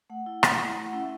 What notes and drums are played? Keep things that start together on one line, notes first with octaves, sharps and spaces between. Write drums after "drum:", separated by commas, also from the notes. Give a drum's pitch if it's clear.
A3 F#5
E4
A3, drum: rim click
E4
A3
F#5
C#4 E4
E5